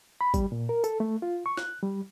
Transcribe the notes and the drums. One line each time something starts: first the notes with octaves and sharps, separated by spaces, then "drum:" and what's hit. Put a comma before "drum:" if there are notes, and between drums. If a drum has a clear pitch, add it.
B5
G3, drum: kick, tambourine
A#2
A#4
A4, drum: tambourine
A3
F4
C#6
F#6, drum: snare
G3